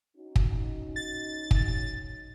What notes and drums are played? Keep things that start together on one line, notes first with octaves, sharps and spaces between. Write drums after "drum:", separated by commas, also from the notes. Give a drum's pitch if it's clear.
C#4 D#4 F#4
drum: kick
A6
drum: kick